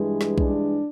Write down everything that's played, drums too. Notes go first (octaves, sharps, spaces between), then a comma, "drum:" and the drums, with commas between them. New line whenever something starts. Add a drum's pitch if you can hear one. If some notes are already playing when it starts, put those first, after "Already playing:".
Already playing: G2 E3 G#3
drum: snare
D4, drum: kick B1